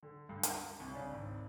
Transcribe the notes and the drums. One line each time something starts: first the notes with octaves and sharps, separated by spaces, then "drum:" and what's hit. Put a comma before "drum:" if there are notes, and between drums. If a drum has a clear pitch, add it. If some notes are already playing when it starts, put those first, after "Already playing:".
D3
G2
drum: hi-hat
C2
C#3 D4
G#1